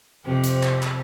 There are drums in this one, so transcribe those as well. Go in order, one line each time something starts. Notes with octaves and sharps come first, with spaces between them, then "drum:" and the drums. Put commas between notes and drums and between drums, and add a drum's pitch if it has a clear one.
F2 C3 C4
drum: hi-hat
drum: clap
drum: clap